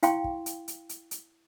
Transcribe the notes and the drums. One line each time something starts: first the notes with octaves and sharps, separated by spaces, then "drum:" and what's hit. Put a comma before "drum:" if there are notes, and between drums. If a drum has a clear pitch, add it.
E4 F5 G5 C6 C#6, drum: hi-hat
drum: kick
drum: hi-hat
drum: hi-hat
drum: hi-hat
drum: hi-hat